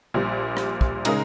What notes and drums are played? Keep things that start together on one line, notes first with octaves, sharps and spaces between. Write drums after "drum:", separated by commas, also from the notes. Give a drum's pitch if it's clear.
A#1 A#2 G3
drum: rim click
drum: kick
C#3 G#3 D#4 A#4, drum: cymbal